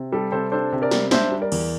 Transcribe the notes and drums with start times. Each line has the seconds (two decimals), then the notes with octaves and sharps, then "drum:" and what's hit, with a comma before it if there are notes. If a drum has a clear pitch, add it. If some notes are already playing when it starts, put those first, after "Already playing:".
Already playing: C3
0.12 G3 A4
0.32 C3 A4 C5
0.52 D4 A4 C5
0.73 C3
0.82 A#4 D5
0.91 G3, drum: snare
1.11 D4 C5 E5, drum: snare
1.32 G3
1.42 A#4 D5
1.52 E2, drum: cymbal